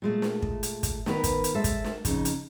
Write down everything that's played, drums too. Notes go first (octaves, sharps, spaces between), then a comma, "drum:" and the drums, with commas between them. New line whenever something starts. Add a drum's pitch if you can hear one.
A#2 G#3 A3
drum: snare
drum: kick
drum: hi-hat
drum: kick, hi-hat
D#3 B3 A#4 B4, drum: snare
drum: kick, hi-hat
drum: hi-hat
G#3 A4 C5 E5
drum: kick, hi-hat
drum: snare
F2 C#3 D#4, drum: kick, hi-hat
drum: hi-hat